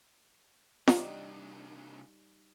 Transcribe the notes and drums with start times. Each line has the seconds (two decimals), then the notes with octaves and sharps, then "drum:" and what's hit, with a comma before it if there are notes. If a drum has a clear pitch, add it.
0.88 C2 G3 D4 D#4 F#5, drum: snare